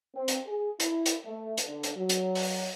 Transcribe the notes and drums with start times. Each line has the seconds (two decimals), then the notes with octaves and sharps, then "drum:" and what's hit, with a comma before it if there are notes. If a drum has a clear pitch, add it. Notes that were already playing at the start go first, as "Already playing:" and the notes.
0.15 C4
0.28 drum: hi-hat
0.47 G#4
0.80 E4, drum: hi-hat
1.06 drum: hi-hat
1.25 A3
1.57 drum: hi-hat
1.67 D3
1.83 drum: hi-hat
1.97 F#3
2.09 drum: hi-hat
2.35 drum: open hi-hat